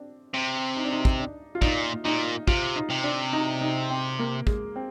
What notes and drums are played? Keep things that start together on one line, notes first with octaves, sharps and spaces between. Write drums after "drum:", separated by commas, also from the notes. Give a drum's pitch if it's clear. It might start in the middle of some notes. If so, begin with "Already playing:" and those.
Already playing: C4 D4
C3
D#4
D4
D#4
drum: kick
D4
F4
A#2 D#4, drum: kick
A#2 D#4
C3 F4, drum: kick
D#4
C3
D4
D#4
D#4
C4
A#3
G#3, drum: kick
C4